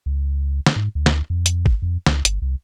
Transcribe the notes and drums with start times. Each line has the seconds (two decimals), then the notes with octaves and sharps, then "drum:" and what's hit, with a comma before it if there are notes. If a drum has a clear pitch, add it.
0.06 C#2
0.66 drum: snare
0.76 G#2
0.95 D2
1.06 drum: snare
1.30 F2
1.46 drum: hi-hat
1.66 drum: kick
1.82 F2
2.06 C#2, drum: snare
2.25 G1, drum: hi-hat
2.42 C2